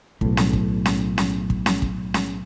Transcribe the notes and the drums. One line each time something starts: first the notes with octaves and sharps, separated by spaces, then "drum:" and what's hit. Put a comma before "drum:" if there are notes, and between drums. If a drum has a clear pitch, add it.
B1 A2, drum: kick
drum: snare C#4
drum: kick
drum: snare C#4
drum: snare C#4
drum: kick
drum: snare C#4
drum: kick
drum: snare C#4